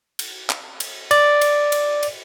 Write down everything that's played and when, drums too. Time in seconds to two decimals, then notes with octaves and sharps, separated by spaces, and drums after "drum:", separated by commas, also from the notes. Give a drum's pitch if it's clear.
0.19 drum: cymbal
0.50 drum: clap
0.80 drum: cymbal
1.11 D5, drum: cymbal
1.41 drum: cymbal
1.72 drum: cymbal
2.03 drum: cymbal